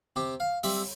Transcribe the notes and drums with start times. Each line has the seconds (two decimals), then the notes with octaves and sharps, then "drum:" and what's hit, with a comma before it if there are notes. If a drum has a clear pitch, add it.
0.16 C3 G4
0.40 F5
0.63 G3 C4 E5, drum: open hi-hat